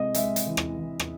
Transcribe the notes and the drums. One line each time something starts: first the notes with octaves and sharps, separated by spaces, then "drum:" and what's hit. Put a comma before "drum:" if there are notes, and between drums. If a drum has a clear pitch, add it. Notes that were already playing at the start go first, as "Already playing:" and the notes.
Already playing: C3 G#3 D#5
G#3 E5, drum: hi-hat
drum: hi-hat
E3
drum: rim click
E3
drum: rim click